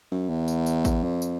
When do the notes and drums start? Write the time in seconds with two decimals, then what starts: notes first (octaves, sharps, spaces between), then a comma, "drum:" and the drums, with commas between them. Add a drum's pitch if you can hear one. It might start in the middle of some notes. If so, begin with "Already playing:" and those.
0.11 F#2
0.29 E2
0.48 drum: tambourine
0.66 drum: tambourine
0.85 drum: kick A1, tambourine
1.03 F2
1.22 drum: tambourine